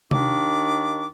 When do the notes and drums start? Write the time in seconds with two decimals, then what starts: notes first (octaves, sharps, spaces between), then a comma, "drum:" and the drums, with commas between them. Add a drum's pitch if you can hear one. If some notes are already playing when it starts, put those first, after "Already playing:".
0.11 D#2 D#3 D4 D6, drum: tom C3